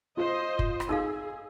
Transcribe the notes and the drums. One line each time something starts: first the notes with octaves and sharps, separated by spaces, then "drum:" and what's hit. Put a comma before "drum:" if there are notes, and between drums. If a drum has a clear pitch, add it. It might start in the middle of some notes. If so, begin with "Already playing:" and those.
F4 C5 D#5
drum: kick
drum: rim click
D#4 G#4 A4 F5 E6